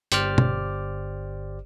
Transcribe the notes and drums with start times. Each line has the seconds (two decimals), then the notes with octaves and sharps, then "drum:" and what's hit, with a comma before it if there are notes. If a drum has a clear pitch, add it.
0.12 G1 G4 C5 D5 D6 F6, drum: hi-hat
0.38 drum: tom